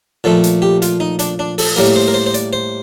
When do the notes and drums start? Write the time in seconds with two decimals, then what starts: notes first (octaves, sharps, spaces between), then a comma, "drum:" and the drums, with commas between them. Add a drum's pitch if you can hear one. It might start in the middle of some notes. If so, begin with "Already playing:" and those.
0.24 A#2 F3 A3 A4
0.44 drum: hi-hat
0.62 G4
0.82 F4, drum: hi-hat
1.00 D#4
1.19 D4, drum: hi-hat
1.39 D4
1.58 A4, drum: open hi-hat
1.76 A2 G3 A#3 A#4
1.96 C5
2.08 A#4
2.14 C5
2.26 C5
2.34 D5, drum: hi-hat
2.53 C5